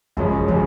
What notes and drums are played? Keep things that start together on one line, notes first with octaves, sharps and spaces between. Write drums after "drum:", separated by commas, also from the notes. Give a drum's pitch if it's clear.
F#2 C#3 F3 G#3 C#4, drum: kick
C#3 F3 G#3 C#4, drum: kick